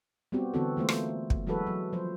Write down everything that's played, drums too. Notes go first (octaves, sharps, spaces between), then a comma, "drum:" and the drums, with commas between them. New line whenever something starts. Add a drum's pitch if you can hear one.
G3 B3 C4 F#4 G4
D3 E3 B3 C4 F#4 A4
E3 G3 A3 A#3 F4 C5
drum: rim click
drum: kick
E3 F#3 G#3 F#4 A4 B4
F#3
F3 F#3 C5